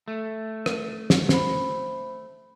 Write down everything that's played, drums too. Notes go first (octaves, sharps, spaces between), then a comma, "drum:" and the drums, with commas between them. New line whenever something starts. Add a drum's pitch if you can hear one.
A3
drum: rim click
drum: snare
C5 B5, drum: snare